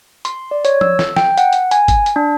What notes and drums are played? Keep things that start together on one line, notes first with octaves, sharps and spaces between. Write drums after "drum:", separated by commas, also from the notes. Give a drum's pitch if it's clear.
C6, drum: hi-hat
D5
C#5, drum: hi-hat
E6, drum: tom F3
drum: snare
G5, drum: snare
F#5, drum: hi-hat
drum: hi-hat
G#5, drum: hi-hat
drum: kick, hi-hat
drum: hi-hat
D4